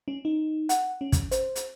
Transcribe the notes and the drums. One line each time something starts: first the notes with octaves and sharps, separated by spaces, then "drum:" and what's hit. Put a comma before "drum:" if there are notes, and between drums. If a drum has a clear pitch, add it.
C#4
D#4
F#5, drum: hi-hat
C#4
drum: kick, hi-hat
C5, drum: hi-hat
drum: hi-hat